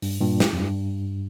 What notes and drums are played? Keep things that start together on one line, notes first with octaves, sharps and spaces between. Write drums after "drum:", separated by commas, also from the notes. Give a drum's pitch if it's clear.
G2, drum: open hi-hat
G2 A#2
drum: snare
F2
G2